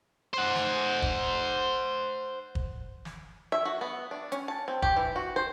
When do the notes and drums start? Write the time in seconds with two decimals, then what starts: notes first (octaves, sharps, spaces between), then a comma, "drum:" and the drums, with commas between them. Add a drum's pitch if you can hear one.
0.33 C5 F#5
0.55 drum: snare
1.02 drum: kick
2.55 drum: kick
3.05 drum: snare
3.52 E5
3.65 F#4
3.81 B3
4.11 D4
4.32 C#4, drum: hi-hat
4.48 A5
4.68 C4
4.82 G4, drum: kick
4.96 E3
5.16 F#4
5.36 C5